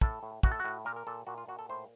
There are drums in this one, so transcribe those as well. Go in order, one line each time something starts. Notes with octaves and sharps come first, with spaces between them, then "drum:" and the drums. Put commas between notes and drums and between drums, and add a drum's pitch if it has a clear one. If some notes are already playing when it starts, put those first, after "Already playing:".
A2 A4, drum: kick
A2
A2 F#4, drum: kick
A4
F#4
A2
A#2 A#4
A#4
A#2 A4
A#2 F#4
F4
A#2 F#4
A4
A2 C5